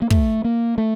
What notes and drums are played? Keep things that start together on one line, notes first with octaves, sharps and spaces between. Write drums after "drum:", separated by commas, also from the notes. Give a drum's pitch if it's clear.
A#3
A3, drum: kick
A#3
A3